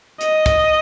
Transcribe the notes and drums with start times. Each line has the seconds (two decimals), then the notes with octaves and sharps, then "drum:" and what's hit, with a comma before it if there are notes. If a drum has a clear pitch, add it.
0.21 D#5, drum: hi-hat
0.46 drum: kick, hi-hat